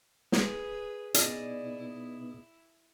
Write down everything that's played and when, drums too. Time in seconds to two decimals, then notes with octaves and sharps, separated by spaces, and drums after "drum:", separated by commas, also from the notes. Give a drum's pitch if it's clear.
0.32 G#4 B4, drum: snare
1.14 B2 B3 D#4 E4 G#4 D5 D#5, drum: hi-hat